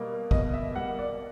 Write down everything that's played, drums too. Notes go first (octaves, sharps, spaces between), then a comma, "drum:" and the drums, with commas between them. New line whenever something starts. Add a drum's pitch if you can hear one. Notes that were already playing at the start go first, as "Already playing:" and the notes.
Already playing: B2 G3 A#3
B2 D#5, drum: kick
E5
G3 A#3 F#5
D5